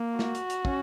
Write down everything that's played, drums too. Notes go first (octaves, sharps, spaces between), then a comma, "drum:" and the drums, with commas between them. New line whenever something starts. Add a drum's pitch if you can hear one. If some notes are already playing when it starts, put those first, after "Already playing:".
Already playing: A#3
F#4, drum: snare
drum: hi-hat
drum: hi-hat
C#4, drum: kick